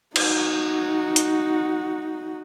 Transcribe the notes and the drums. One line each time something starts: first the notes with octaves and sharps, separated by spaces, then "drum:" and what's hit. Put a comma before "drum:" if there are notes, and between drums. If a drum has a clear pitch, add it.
D#4 F#4, drum: cymbal
drum: hi-hat